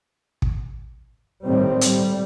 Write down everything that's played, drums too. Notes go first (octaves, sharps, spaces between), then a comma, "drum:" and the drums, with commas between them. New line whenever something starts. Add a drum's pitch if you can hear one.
drum: kick
A2 D#3 G3 C4
G3, drum: hi-hat